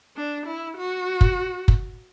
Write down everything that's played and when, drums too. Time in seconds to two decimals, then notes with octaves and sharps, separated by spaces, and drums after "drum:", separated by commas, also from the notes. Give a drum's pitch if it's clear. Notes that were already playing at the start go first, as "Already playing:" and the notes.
0.16 D4
0.46 E4
0.77 F#4
1.21 drum: kick
1.68 drum: kick